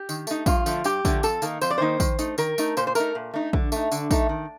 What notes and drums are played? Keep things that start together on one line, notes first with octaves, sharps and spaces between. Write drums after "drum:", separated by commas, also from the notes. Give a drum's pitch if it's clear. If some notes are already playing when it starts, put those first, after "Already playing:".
Already playing: G4
D#3, drum: tambourine
A3 D#4, drum: tambourine
G2 F4, drum: kick, tambourine
D3 F3 A3, drum: tambourine
G2 G4, drum: tambourine
D3 F3 A3, drum: kick, tambourine
F2 A4, drum: tambourine
D#3 A#3 D#4, drum: tambourine
F2 C5, drum: tambourine
D5
D#3 A#3 D#4 C5
D#3, drum: kick, tambourine
A3 D#4, drum: tambourine
D#3 A#4, drum: tambourine
A3 D#4, drum: tambourine
A#2 C5, drum: tambourine
C5
A3 D#4 A#4, drum: tambourine
A#2
A3 D#4
D3, drum: kick
A3 D#4, drum: tambourine
D3, drum: tambourine
A3 D#4, drum: kick, tambourine
D#3